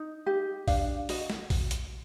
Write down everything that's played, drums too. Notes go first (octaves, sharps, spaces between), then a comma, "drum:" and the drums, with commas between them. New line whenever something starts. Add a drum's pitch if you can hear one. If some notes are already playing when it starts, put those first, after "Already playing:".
Already playing: D#4
G4
D4 F5, drum: kick, open hi-hat
F#4 D#5, drum: open hi-hat
drum: snare
drum: kick, open hi-hat
drum: hi-hat